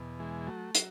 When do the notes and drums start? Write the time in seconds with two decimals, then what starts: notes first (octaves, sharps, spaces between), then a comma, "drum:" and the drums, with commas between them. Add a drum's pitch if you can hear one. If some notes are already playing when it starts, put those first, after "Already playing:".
Already playing: E2 B2
0.19 E3 G#3
0.47 F#3 A3
0.75 F#3, drum: hi-hat